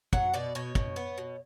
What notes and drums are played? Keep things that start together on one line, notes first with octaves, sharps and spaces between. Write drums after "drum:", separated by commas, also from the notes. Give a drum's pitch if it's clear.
F#3 F#5, drum: kick
B2 D5
B2 C#5
B2, drum: kick
B3
B2